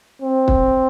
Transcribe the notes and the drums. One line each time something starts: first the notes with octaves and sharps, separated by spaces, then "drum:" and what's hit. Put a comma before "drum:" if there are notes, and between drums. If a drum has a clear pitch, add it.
C4
drum: kick